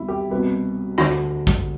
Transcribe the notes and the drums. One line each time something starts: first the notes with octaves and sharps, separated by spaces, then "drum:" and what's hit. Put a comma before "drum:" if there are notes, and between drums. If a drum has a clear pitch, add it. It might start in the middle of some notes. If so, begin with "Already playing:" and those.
Already playing: C2 B2 E4
G4
C2 B2 B4
D2 D3, drum: rim click
drum: kick